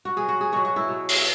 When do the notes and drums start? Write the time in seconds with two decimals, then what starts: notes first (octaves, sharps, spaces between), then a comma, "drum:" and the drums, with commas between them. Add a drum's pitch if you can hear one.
0.05 F#4
0.16 B2 F#3 G#4
0.29 F#4
0.41 G#4
0.52 B2 F#3 F#4
0.65 F#4
0.76 E4
0.88 B2 F#3
1.09 drum: open hi-hat